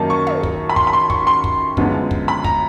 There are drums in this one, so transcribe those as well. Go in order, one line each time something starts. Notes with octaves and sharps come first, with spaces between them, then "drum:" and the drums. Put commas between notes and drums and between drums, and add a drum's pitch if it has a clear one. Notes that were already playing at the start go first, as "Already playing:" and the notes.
Already playing: F#2 D#3 F#3 A#3 D#4 A5
C#6
drum: tom
drum: kick
B5
C6, drum: kick
B5
C6
C#6, drum: kick
C6
drum: kick
F#2 D3 F3 G#3 B3, drum: kick
drum: kick
B5
A#5, drum: kick